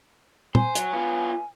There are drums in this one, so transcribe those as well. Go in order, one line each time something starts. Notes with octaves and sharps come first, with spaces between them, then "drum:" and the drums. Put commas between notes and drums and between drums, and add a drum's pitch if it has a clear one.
C5 G#5, drum: tom
F#3, drum: hi-hat
B3 F4